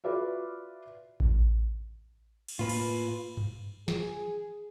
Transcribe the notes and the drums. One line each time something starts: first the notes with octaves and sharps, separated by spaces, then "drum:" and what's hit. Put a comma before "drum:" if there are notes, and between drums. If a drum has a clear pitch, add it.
F4 F#4 B4 D5 E5 F5
drum: kick A1
drum: cymbal
A2 A#3 F4 B4
drum: cymbal
drum: tom G2
G#4, drum: snare